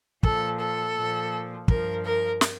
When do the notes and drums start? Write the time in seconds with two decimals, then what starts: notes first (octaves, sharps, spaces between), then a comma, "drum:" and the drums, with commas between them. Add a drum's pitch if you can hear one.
0.23 A#2 F3 A4, drum: kick
0.60 A4
0.96 A#2 F3
1.68 G2 F3 A#4, drum: kick
2.04 A#4
2.41 drum: snare